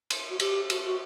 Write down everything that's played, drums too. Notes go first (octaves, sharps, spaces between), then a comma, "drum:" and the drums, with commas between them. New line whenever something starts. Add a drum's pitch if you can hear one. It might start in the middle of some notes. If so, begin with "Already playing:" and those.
drum: cymbal
F#4
G4, drum: cymbal
F#4, drum: cymbal
F#4